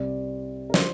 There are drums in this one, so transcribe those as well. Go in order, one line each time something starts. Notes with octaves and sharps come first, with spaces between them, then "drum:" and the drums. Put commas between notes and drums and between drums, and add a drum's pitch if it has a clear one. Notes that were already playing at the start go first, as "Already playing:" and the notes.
Already playing: C2 C3 G3 C4 D5
A#4
F3 D4 C5, drum: snare